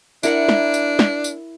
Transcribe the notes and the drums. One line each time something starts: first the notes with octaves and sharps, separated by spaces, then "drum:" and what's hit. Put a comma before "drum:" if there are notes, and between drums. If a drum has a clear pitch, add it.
D4 E4 A#4 F#5, drum: tambourine
drum: snare
drum: tambourine
drum: snare
drum: tambourine